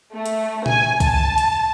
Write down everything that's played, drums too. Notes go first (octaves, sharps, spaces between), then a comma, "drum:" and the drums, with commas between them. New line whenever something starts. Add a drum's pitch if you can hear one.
A3
drum: hi-hat
G#5, drum: tom A#2
A5, drum: kick C2, hi-hat
drum: hi-hat